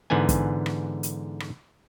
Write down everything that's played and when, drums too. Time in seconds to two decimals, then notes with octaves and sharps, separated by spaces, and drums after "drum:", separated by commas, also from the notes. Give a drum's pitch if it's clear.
0.10 G#2 D3 E3 B3 G#5
0.29 drum: kick, hi-hat
0.66 drum: rim click
1.03 drum: hi-hat
1.40 drum: rim click